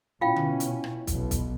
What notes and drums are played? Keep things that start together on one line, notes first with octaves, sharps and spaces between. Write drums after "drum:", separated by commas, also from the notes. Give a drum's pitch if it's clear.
B2 C#4 E4 F4 F5 G5
drum: tom D3
drum: hi-hat
drum: rim click
B1 B2, drum: kick, hi-hat
drum: kick, hi-hat